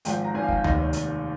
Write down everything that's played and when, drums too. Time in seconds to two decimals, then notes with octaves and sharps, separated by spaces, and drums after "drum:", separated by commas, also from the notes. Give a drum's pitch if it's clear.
0.05 G#1 G#2 F3 G5, drum: hi-hat
0.24 A#5
0.34 G#1 G#2 F3 G#5
0.43 F5
0.49 G5, drum: kick
0.64 F1 D#2 D#3 D#5, drum: tom D2
0.78 C#5
0.93 drum: hi-hat